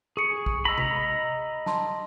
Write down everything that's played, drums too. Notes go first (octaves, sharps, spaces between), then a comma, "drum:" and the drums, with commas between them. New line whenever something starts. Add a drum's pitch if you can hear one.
G#4 C#6 C#7
drum: kick
D#5 A#5 B5 E6 A#6
drum: tom C3
A5 C6, drum: snare